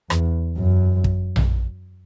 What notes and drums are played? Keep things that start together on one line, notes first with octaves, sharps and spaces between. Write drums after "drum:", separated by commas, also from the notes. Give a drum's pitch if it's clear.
E2, drum: rim click
F#2
drum: kick
drum: tom A#1